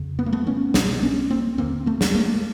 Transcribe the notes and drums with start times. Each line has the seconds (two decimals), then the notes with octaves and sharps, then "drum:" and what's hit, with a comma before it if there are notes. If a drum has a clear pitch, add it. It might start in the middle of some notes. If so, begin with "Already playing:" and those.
Already playing: F2 C#3
0.19 B3
0.26 A#3
0.33 A3 B3
0.47 B3 C#4
0.74 C2 B2 C4 D4, drum: snare
1.03 B3 C#4
1.31 A#3 C4
1.58 D#2 D3 A#3 C4
1.86 A3 B3
2.01 drum: snare
2.15 G#3 A#3